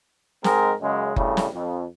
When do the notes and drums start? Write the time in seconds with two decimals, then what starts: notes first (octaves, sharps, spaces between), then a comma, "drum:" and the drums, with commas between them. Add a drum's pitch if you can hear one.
0.44 G#2 G#3 C4 A#4, drum: snare
0.82 F#2 C#3 G#3
1.16 D2 A2 C#3 G3, drum: kick F#1
1.37 drum: snare
1.54 F2